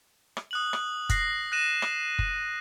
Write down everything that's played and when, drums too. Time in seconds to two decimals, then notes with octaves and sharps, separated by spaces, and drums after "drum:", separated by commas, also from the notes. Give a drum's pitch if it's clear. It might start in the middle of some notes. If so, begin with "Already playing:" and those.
0.37 drum: rim click
0.51 D#6 F#6 F#7
0.73 drum: rim click
1.09 F#6 A#6 C7, drum: kick, hi-hat
1.52 F#6 A#6 D#7 E7
1.82 drum: rim click
2.19 drum: kick